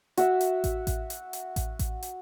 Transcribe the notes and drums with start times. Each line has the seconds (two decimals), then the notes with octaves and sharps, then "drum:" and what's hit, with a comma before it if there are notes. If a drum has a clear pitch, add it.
0.17 F#4 E5, drum: hi-hat
0.41 drum: hi-hat
0.64 drum: kick A1, hi-hat
0.87 drum: kick A1, hi-hat
1.10 drum: hi-hat
1.33 drum: hi-hat
1.56 drum: kick A1, hi-hat
1.79 drum: kick A1, hi-hat
2.03 drum: hi-hat